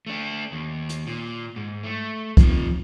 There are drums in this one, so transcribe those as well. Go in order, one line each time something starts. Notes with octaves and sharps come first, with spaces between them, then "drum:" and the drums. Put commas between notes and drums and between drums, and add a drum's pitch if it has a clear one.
A3 D4
D#2
drum: hi-hat
A#2
G#2
A3
C3 F3, drum: kick C2, hi-hat